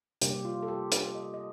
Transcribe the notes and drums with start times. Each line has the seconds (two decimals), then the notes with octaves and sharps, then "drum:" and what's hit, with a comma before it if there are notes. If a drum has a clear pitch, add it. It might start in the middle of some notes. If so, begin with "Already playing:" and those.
0.21 C3 G3 A#3 G4, drum: hi-hat
0.45 F4
0.63 A4
0.68 G4
0.92 G4, drum: hi-hat
1.15 D#5
1.34 D#5